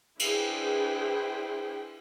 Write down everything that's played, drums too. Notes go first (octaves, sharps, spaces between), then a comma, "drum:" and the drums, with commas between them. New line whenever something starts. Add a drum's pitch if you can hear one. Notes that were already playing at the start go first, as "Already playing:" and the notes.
D4 E4 G#4 B4 C5 G5, drum: cymbal